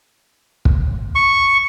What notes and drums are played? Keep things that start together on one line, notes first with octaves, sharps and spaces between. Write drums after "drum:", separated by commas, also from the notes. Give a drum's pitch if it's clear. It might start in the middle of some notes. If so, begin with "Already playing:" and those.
drum: kick
C#6